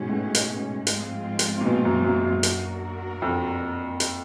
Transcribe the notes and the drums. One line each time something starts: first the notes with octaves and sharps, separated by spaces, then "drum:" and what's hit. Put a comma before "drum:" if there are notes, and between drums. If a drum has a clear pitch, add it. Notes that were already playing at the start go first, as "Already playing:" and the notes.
Already playing: G#2 B2 G#3 C#4
A2
drum: hi-hat
G#2 F3 G#3 C4 F4, drum: hi-hat
drum: hi-hat
A#2
B2
F#2
F#2
F#2
A#3 D4 F#4 A#4, drum: hi-hat
F2
drum: hi-hat